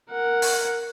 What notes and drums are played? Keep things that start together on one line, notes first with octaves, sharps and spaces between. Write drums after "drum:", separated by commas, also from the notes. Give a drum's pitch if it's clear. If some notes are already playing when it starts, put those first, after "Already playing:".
A#4 F#5
drum: open hi-hat